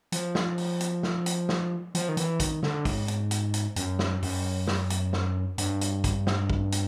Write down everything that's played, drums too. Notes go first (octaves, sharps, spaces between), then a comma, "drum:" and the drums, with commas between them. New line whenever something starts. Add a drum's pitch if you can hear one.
F3, drum: hi-hat
drum: snare
drum: open hi-hat
drum: hi-hat
drum: snare
drum: hi-hat
drum: snare
F3, drum: hi-hat
D#3
E3, drum: hi-hat
D#3, drum: kick, hi-hat
D3, drum: snare
G#2, drum: kick, open hi-hat
drum: hi-hat
drum: hi-hat
drum: hi-hat
F#2, drum: hi-hat
drum: snare
F#2, drum: open hi-hat
drum: snare
drum: hi-hat
drum: snare
G2, drum: hi-hat
drum: hi-hat
drum: kick, hi-hat
drum: snare
drum: kick
drum: hi-hat